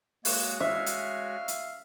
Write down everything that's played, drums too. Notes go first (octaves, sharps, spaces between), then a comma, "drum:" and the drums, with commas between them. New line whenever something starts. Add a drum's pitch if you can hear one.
G#3 A#3 F#4 C#5, drum: open hi-hat
E5 F5
drum: hi-hat
drum: hi-hat